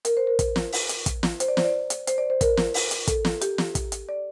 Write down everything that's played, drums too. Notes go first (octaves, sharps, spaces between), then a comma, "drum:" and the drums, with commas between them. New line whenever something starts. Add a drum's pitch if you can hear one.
A#4, drum: hi-hat
C5
A#4
drum: kick, hi-hat
drum: snare
drum: open hi-hat
drum: hi-hat
drum: kick, hi-hat
drum: snare
C5, drum: hi-hat
D5
C5, drum: snare
D5
drum: hi-hat
C5, drum: hi-hat
D5
C5
A#4, drum: kick, hi-hat
drum: snare
drum: open hi-hat
drum: hi-hat
A4, drum: kick, hi-hat
drum: snare
G4, drum: hi-hat
drum: snare
drum: kick, hi-hat
drum: hi-hat
D5